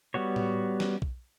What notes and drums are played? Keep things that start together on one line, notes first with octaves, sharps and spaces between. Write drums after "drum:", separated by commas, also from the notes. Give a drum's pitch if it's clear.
G3 B3 F#4 C#5
drum: tom A2
drum: snare
drum: kick